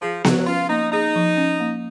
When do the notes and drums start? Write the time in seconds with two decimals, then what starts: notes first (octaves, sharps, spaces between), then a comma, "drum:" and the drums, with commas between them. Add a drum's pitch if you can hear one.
0.02 F3 G#4
0.24 F3 F#3, drum: snare B3
0.47 C#4 F4
0.69 A#3 D#4
0.92 D#4 G#4
1.16 F3
1.37 C#4
1.60 A#3